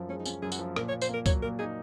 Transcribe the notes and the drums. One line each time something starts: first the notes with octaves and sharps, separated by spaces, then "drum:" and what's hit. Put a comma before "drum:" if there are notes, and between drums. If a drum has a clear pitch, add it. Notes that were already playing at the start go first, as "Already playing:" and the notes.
Already playing: F#2 F3
G#3 C#4
D#4
C#4 F4, drum: tambourine
F#2 G#4
F#4, drum: tambourine
F3
A#2 A#4, drum: rim click
C#5
A#2
C5, drum: tambourine
A#3 A#4
F#3 C#5, drum: kick, tambourine
A#2 A#4
D#4 G#4